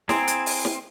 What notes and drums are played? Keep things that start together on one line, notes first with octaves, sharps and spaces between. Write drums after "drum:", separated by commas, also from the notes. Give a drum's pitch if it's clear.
C4 E4 G#4 G#5 A#5 C6 D7, drum: snare
drum: hi-hat
drum: open hi-hat
drum: snare